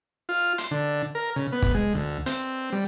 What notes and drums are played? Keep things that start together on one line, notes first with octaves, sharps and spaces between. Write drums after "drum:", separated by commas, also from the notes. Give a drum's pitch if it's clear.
F4
C6, drum: hi-hat
D3
A#4
C#3
B3
drum: kick
G#3
D2
C4, drum: hi-hat
G3